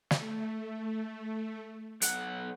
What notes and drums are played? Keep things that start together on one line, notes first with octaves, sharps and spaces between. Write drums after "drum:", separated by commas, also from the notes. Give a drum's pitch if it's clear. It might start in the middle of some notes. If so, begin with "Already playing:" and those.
A3, drum: snare
B1 F#5, drum: hi-hat